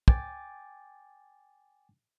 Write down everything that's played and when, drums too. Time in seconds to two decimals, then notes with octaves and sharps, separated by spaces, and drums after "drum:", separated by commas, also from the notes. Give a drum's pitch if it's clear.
0.08 G5 G#5 D6 A6, drum: kick